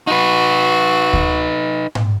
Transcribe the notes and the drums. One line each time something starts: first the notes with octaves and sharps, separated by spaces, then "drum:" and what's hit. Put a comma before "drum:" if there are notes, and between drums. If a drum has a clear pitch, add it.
D#4 F#4 B4
drum: kick D2
drum: tom G#2